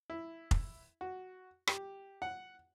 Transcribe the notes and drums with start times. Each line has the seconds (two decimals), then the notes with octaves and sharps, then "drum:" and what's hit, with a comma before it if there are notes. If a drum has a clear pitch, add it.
0.10 E4
0.51 drum: kick F1
1.01 F#4
1.67 G4, drum: rim click
2.22 F#5